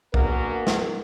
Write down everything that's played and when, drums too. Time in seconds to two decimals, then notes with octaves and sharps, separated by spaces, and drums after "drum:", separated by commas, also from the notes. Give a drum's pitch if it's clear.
0.14 A#3 B3 D4 F#4 G#4 A#4, drum: kick
0.67 drum: snare